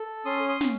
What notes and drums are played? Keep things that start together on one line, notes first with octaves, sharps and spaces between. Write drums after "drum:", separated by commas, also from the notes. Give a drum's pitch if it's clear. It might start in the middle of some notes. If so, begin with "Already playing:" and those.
Already playing: A4
C#4 C6 D#6
C6 D#6
C#4, drum: snare